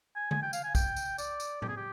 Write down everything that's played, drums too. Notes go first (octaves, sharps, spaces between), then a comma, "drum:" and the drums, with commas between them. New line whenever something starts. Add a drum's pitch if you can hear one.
G#5
G#5, drum: tom D3
G5
F5, drum: tambourine
G#5
G5, drum: kick B1, tambourine
drum: tambourine
D5, drum: tambourine
drum: tambourine
G4, drum: tom A2
G#4
G4